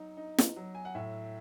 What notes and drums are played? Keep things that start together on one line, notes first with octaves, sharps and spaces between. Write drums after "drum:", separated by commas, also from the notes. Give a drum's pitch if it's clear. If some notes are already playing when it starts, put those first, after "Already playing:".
Already playing: F#3 D#4
D#4
drum: snare
F#3
G#5
F#5
A2 E5